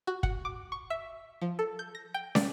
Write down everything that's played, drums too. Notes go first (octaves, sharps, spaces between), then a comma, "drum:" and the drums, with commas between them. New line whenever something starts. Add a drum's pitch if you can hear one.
F#4
F#5, drum: kick
D6
C#6
E5
F3
A4
G6
A#6
G5
D5, drum: snare